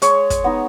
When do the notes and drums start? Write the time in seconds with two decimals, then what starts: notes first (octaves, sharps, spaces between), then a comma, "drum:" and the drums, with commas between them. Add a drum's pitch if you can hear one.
0.02 G#3 C#5, drum: hi-hat
0.30 drum: kick, hi-hat
0.44 B3 D#4